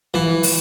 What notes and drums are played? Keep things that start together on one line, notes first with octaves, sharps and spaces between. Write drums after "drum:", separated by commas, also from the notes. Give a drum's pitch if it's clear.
E3
drum: open hi-hat